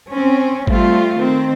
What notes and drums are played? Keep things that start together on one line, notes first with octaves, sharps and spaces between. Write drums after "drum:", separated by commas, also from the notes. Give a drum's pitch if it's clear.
C4 C#4
G3 A3 C4 F4, drum: kick G#1
D#3 C4